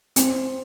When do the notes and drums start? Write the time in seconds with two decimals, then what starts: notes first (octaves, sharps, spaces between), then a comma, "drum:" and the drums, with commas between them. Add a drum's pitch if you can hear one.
0.16 C4, drum: hi-hat